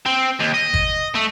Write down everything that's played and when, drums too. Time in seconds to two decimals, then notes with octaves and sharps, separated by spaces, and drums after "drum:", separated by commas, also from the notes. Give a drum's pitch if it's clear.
0.05 C4
0.40 D#2
0.54 D#5
0.74 drum: kick G1
1.15 A3